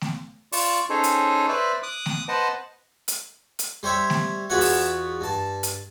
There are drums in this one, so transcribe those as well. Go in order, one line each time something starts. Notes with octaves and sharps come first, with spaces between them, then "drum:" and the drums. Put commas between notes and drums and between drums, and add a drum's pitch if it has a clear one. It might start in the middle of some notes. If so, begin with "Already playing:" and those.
drum: snare A3
F4 D5 C#6, drum: open hi-hat
C#4 D#4 G#4 A4 C5 C#5
drum: hi-hat
B4 C5 D5 E5
D6 D#6 F#6
drum: snare A3
B4 C5 D#5 F#5 A5
drum: hi-hat
drum: hi-hat
G3 C5 C#5 E5
drum: snare A3
E2 B3 F4 F#4 C#5 F#5
drum: open hi-hat
G2 A5
drum: hi-hat